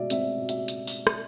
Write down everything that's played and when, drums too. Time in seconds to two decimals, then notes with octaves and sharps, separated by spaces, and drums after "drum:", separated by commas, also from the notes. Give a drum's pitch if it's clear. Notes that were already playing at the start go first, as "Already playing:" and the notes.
Already playing: B2 G#3 D5 E5
0.10 C4 E5, drum: hi-hat
0.36 B2
0.49 E5, drum: hi-hat
0.68 drum: hi-hat
0.87 drum: open hi-hat
1.07 drum: rim click